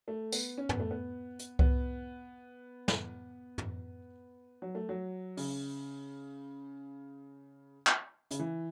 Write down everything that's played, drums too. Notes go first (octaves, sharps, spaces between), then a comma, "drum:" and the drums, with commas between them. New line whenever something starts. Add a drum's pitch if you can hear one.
A3
B3, drum: tambourine
C#4
B3, drum: tom
A3
B3
drum: hi-hat
B3, drum: kick C2
drum: snare
drum: tom
F#3
A3
F#3
C#3, drum: open hi-hat
drum: clap
C#3, drum: hi-hat
E3